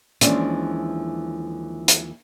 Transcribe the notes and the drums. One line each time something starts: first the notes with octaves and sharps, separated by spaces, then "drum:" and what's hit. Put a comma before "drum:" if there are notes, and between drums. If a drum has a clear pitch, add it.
D#2 E3 F3 G#3 C#4 D4, drum: hi-hat
drum: hi-hat